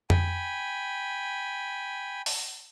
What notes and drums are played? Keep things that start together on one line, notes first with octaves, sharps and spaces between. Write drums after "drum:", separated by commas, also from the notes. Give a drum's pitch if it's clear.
G5 G#5 B5, drum: tom F2
drum: open hi-hat